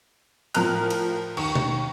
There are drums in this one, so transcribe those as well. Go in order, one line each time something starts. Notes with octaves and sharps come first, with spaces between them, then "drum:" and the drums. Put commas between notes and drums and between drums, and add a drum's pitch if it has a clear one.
A2 F3 A#4 A#5 F6 F#6, drum: cymbal
drum: cymbal
D#2 C#6 C#7, drum: cymbal
drum: tom B2